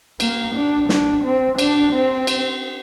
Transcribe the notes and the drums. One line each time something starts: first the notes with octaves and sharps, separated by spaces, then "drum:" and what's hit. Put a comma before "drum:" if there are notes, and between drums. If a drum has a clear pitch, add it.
A#3, drum: cymbal
D4
D4, drum: snare
C4
D4, drum: cymbal
C4
drum: cymbal